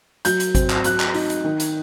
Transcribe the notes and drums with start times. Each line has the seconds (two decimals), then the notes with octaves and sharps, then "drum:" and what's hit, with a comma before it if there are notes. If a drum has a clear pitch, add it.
0.25 F#3 G6, drum: hi-hat
0.40 drum: hi-hat
0.55 C4, drum: kick G#1, hi-hat
0.70 drum: clap
0.84 F#3 F#6, drum: hi-hat
1.00 drum: clap
1.14 D#4, drum: open hi-hat
1.30 drum: hi-hat
1.44 D#3
1.60 drum: hi-hat